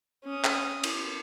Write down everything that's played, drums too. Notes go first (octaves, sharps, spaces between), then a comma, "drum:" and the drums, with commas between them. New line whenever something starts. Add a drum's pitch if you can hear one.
C#4 D#6
drum: clap
drum: cymbal